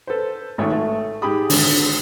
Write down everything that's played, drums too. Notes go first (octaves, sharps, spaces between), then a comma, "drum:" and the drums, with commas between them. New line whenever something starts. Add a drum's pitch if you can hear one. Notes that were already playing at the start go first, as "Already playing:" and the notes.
A4 B4 C5
G#1 G#2 A3 C#5
A3
G#2 G4 G#4 B5 D#6
G#1 D3, drum: open hi-hat